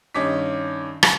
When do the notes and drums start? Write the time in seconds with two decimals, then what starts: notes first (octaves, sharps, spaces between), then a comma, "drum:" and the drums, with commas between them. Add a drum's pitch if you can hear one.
0.14 G2 D#3 C#4 D#5 D6 B6
1.03 drum: rim click